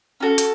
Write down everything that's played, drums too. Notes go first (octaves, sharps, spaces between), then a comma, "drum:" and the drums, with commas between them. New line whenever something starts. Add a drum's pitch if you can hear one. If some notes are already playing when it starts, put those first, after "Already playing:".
C#4 F#4 A4
drum: hi-hat